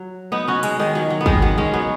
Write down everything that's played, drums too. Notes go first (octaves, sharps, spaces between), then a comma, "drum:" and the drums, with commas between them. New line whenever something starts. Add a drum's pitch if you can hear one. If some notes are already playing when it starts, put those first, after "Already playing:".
Already playing: F#3
B3 D#4
C#4 F#4
G#3 C#4, drum: hi-hat
D#3 G#3
F#3
F#3
B3
D#3 G#3, drum: kick
F#3 B3
G#3 C#4
F#3 B3